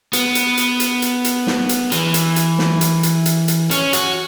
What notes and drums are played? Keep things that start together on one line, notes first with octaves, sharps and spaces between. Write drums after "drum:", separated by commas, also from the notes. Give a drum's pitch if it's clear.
B3, drum: hi-hat
drum: hi-hat
drum: hi-hat
drum: hi-hat
drum: hi-hat
drum: hi-hat
drum: snare
drum: hi-hat
E3, drum: hi-hat
drum: hi-hat
drum: hi-hat
drum: snare
drum: hi-hat
drum: hi-hat
drum: hi-hat
drum: hi-hat
C#4, drum: hi-hat
F#4, drum: hi-hat